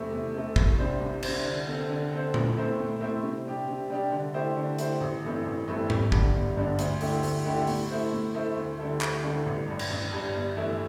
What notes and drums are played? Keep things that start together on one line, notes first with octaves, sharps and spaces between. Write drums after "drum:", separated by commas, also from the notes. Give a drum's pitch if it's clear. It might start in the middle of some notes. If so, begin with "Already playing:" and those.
Already playing: E2 C3 A3
E2
C3 A3
C2, drum: kick
C3 G3 D4 C5
C2
C3 G3 D4 C5, drum: cymbal
D3
C4 A4 C5
D3
C4 A4 C5
A2, drum: tom A#2
A3 C4 E4 C5
A2
A3 C4 E4 C5
C3
G3 D4 G4
C3
G3 D4 G4
D3
A3 E4 G4 C5
D3
A3 E4 G4 C5, drum: hi-hat
A1
G2 E3 A3 C4
A1
G2 E3 A3 C4
G1, drum: tom G#2
G2 D3 G3 D4, drum: kick
G1
G2 D3 G3 D4
D2, drum: hi-hat
D3 A3 E4 G4, drum: open hi-hat
D2, drum: open hi-hat
D3 A3 E4 G4
A2, drum: open hi-hat
A3 E4 C5
A2
A3 E4 C5
D2
D3 G3 E4 A4
D2, drum: clap
D3 G3 E4 A4
A1
G2 G3
drum: cymbal
A1
G2 G3
G1
G2 E3 A3 E4